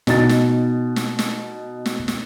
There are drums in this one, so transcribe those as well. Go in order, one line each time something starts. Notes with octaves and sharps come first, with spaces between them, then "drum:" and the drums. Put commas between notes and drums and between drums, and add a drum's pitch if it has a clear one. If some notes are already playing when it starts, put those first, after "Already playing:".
B2 D#4 A6, drum: snare
drum: snare
drum: snare
drum: snare
drum: snare
drum: snare